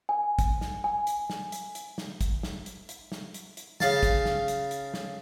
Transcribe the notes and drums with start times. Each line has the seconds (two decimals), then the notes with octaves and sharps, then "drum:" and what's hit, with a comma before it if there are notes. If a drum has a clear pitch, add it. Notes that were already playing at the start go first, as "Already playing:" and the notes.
0.09 G#5
0.39 drum: kick, hi-hat
0.61 drum: snare
0.84 G#5
1.07 drum: hi-hat
1.30 drum: snare
1.52 drum: hi-hat
1.75 drum: hi-hat
1.98 drum: snare
2.21 drum: kick, hi-hat
2.43 drum: snare
2.66 drum: hi-hat
2.89 drum: hi-hat
3.12 drum: snare
3.34 drum: hi-hat
3.57 drum: hi-hat
3.80 C#3 F5 A5, drum: snare
4.03 drum: kick, hi-hat
4.25 drum: snare
4.48 drum: hi-hat
4.71 drum: hi-hat
4.94 drum: snare